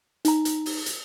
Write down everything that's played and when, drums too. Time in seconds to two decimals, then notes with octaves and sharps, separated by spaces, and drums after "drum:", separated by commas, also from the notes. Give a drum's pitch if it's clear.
0.25 D#4 A#5, drum: hi-hat
0.45 drum: hi-hat
0.66 drum: open hi-hat
0.86 drum: hi-hat